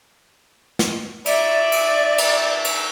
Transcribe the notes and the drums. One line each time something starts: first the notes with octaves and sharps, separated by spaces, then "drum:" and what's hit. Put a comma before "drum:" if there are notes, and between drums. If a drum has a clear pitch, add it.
drum: snare
D5 E5, drum: cymbal
drum: cymbal
drum: cymbal
drum: cymbal